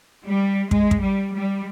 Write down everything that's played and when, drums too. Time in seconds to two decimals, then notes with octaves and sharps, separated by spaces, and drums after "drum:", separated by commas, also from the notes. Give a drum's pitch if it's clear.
0.25 G3
0.71 G#3, drum: kick
0.91 drum: kick
1.02 G3
1.34 G3